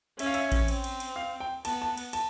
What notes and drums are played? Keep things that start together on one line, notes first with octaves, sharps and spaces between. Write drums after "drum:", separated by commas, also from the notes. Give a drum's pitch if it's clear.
C#4 E5, drum: cymbal
F5
E5, drum: cymbal
drum: kick A1, cymbal
C4, drum: cymbal
drum: cymbal
drum: cymbal
F5
G5
B3 A5, drum: cymbal
A5
drum: cymbal
A5, drum: cymbal